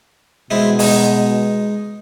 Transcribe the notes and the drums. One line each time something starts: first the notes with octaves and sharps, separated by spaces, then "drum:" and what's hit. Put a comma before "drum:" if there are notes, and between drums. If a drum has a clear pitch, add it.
B2 G#3 C4 E4
G#3 D#4, drum: open hi-hat